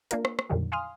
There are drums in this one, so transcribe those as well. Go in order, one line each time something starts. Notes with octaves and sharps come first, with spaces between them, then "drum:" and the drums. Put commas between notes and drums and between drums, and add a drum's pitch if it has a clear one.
A#3 D4 F4 A#4, drum: hi-hat
drum: rim click
drum: rim click
F2 A#2 D3 D#3 F#3 G3
F5 G#5 C6 D#6 F6